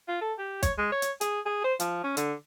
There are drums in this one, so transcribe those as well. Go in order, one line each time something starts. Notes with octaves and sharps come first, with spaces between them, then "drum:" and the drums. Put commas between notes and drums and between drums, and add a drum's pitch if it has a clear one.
F4
A4
G4
C#5, drum: kick, hi-hat
G#3
C#5
drum: hi-hat
G#4, drum: hi-hat
G#4
C5
F3, drum: hi-hat
C#4
D3, drum: hi-hat